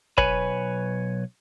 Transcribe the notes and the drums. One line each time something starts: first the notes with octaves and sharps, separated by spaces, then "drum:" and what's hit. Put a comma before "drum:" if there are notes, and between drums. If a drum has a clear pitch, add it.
B1 B4 C#5 G#5 B5, drum: kick